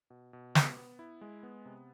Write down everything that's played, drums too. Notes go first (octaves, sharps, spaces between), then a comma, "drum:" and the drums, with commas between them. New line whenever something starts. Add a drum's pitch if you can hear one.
B2
B2
B3, drum: snare
B3
E4
G#3
B3
C3